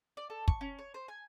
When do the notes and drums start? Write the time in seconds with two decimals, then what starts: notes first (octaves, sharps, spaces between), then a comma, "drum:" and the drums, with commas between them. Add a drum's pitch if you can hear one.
0.17 D5
0.30 A4
0.48 C#6, drum: kick
0.61 C#4
0.79 C#5
0.94 C5
1.08 G#5